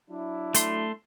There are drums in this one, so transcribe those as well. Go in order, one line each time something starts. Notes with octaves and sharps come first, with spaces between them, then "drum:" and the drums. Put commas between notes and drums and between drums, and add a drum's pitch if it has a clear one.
F#3 D4 E4
A3 C6, drum: hi-hat